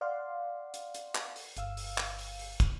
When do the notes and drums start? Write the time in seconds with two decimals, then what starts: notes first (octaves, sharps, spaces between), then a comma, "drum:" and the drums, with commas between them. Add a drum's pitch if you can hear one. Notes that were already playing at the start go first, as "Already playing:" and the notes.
0.01 D5 F5 F#5 C6
0.74 drum: hi-hat
0.94 drum: hi-hat
1.15 drum: clap
1.36 drum: open hi-hat
1.57 G1 F5 E6, drum: hi-hat
1.77 drum: open hi-hat
1.98 drum: clap
2.19 drum: open hi-hat
2.39 drum: open hi-hat
2.60 drum: kick, hi-hat